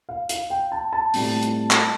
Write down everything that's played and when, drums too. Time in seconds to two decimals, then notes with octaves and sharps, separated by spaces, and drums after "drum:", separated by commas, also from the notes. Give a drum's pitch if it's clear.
0.09 F5
0.29 F5, drum: hi-hat
0.50 G5
0.72 A5
0.93 A5
1.14 A2 G3 C4, drum: open hi-hat
1.43 drum: hi-hat
1.71 drum: clap